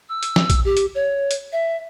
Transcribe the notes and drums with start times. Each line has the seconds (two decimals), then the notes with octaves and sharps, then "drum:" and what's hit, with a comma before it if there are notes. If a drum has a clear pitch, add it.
0.09 E6
0.23 drum: hi-hat
0.36 drum: snare
0.50 drum: kick A#1, hi-hat
0.65 G4
0.77 drum: hi-hat
0.95 C#5
1.31 drum: hi-hat
1.52 E5